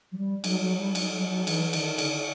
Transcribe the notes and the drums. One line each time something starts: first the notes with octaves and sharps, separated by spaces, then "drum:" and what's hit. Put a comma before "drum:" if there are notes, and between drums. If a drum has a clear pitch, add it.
F#3
G3
F#3, drum: cymbal
F#3
G3
F#3, drum: cymbal
F#3
F#3
E3, drum: cymbal
D#3, drum: cymbal
D3, drum: cymbal